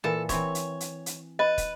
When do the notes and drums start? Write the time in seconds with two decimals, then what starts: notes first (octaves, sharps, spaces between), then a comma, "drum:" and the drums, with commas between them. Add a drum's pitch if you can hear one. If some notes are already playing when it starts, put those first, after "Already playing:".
0.04 A#2 E3 A4
0.29 E3 C4 C#5 E5, drum: kick, hi-hat
0.55 drum: hi-hat
0.80 drum: hi-hat
1.06 drum: hi-hat
1.39 B4 D#5
1.58 drum: kick, hi-hat